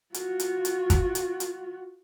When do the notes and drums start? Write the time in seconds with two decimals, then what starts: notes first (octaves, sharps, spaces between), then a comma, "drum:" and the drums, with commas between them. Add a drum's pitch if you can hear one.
0.14 F4 F#4, drum: hi-hat
0.40 drum: hi-hat
0.65 drum: hi-hat
0.90 drum: kick, hi-hat
1.15 drum: hi-hat
1.40 drum: hi-hat